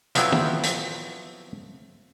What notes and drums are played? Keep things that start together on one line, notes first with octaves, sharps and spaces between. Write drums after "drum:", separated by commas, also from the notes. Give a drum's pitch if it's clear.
F3 F#3 B3 C4 E4, drum: hi-hat
drum: tom
drum: hi-hat